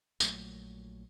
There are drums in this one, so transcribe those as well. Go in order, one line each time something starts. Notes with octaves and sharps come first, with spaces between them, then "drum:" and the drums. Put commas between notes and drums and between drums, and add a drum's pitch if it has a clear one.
A#1 A#2 F#3 A3, drum: tambourine